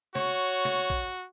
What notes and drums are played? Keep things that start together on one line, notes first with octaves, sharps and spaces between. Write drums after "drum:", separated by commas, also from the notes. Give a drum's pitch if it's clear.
F#4 C#5, drum: snare
drum: snare
drum: kick